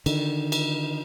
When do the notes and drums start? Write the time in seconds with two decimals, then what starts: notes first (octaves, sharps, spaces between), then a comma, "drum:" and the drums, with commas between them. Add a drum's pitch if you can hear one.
0.06 D3 D#3, drum: cymbal
0.52 drum: cymbal